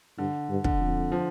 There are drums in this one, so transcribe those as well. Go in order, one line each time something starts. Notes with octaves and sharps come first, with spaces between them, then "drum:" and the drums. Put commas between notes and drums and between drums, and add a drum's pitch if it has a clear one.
G2 D3
G2
D3, drum: kick
F2
F3